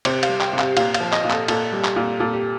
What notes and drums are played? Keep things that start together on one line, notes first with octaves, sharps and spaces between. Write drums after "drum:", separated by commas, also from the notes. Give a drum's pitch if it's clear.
C3 C5, drum: cymbal
F5, drum: cymbal
G3
G5, drum: clap
C3
F5, drum: clap
A#2 F5, drum: cymbal
F5, drum: cymbal
F3
D#5, drum: clap
A#2
A4, drum: clap
A#2 A4, drum: cymbal
G3
drum: clap
A#2
A#2 A4
G4